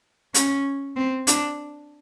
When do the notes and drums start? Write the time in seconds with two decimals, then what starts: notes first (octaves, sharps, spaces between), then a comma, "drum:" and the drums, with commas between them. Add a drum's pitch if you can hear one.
0.34 C#4, drum: hi-hat
0.96 C4
1.27 D4, drum: hi-hat